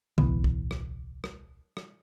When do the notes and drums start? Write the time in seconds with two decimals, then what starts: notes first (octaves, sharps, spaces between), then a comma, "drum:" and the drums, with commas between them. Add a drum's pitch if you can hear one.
0.18 D1 B1 E3 B3, drum: tom
0.44 drum: kick
0.71 drum: rim click
1.24 drum: rim click
1.77 drum: rim click